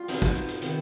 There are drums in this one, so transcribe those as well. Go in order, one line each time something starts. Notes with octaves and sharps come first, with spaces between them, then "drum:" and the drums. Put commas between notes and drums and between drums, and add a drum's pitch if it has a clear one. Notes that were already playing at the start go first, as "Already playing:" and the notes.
Already playing: G3 F4
B2 B3 C4 D#4, drum: open hi-hat
drum: kick, hi-hat
drum: hi-hat
drum: hi-hat
C3 D#3 B3, drum: hi-hat